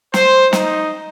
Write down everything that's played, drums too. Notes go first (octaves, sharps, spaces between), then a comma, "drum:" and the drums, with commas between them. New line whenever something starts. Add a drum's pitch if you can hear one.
C5, drum: snare
D#4, drum: snare